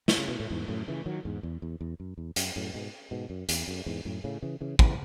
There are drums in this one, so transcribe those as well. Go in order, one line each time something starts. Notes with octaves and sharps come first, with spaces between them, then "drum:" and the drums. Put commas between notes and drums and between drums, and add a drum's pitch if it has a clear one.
D#3, drum: snare
C#3
B2
A2
E2 G#2
F#2 A2
C#3 E3
D#3 F#3
E2 G#2
E2
E2
E2
F#2
E2
F#2, drum: hi-hat
F#2 A2
G#2 B2
G#2 B2
F#2
E2, drum: hi-hat
F#2
E2 G#2
F#2 A2
A2 C#3
C#3 E3
C#3 E3
C#3 E3, drum: kick